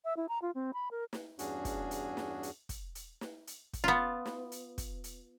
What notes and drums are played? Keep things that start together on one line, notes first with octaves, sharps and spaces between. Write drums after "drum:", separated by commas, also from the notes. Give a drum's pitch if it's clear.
E5
E4
A#5
F4
C4
B5
A#4
drum: snare
E2 G2 C#4 D4 F#4 G#4, drum: hi-hat
drum: kick, hi-hat
drum: hi-hat
drum: snare
drum: hi-hat
drum: kick, hi-hat
drum: hi-hat
drum: snare
drum: hi-hat
drum: kick, hi-hat
B3 F4
drum: snare
drum: hi-hat
drum: kick, hi-hat
drum: hi-hat